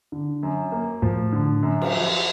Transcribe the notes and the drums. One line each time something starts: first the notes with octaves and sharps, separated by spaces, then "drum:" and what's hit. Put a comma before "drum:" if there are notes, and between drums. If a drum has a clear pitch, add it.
D3
F#2
A#3
A2 F3
D3
F#2
drum: cymbal
F3